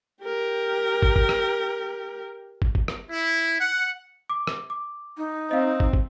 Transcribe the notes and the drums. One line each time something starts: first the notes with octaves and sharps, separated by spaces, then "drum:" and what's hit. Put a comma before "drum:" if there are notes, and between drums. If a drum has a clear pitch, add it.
G4 A#4
drum: kick
drum: kick
drum: rim click
drum: kick
drum: kick
drum: rim click
E4
F#5
D6
drum: rim click
D6
D#4
C4 D#5 F5
drum: kick
drum: kick